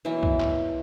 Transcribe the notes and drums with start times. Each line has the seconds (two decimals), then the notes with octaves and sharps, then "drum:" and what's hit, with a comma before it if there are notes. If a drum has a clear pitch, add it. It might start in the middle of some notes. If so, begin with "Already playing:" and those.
0.05 B2 E3 F#3 A#3 E4
0.23 drum: kick
0.40 drum: clap